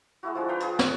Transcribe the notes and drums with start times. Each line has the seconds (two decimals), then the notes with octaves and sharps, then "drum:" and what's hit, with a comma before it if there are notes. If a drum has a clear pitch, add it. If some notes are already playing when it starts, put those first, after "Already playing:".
0.23 G#3 A3 E4 F#4
0.35 F3 G#3 D4
0.48 B4 F5 G5 A#5
0.60 F4 G#4, drum: hi-hat
0.79 C#5, drum: snare